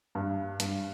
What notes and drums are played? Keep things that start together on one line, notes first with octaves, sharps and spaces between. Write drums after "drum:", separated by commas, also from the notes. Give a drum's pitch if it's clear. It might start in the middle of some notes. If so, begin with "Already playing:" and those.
G2
G2, drum: hi-hat